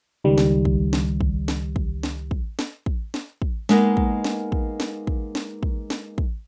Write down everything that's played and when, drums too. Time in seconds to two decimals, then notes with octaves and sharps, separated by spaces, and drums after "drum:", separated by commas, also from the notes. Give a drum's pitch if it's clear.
0.24 C#2 D#3 G3
0.38 drum: snare
0.65 drum: kick
0.93 drum: snare
1.21 drum: kick
1.48 drum: snare
1.76 drum: kick
2.03 drum: snare
2.31 drum: kick
2.59 drum: snare
2.86 drum: kick
3.14 drum: snare
3.42 drum: kick
3.69 G#3 A#3 B3 D#4, drum: snare
3.97 drum: kick
4.24 drum: snare
4.52 drum: kick
4.80 drum: snare
5.07 drum: kick
5.35 drum: snare
5.63 drum: kick
5.90 drum: snare
6.18 drum: kick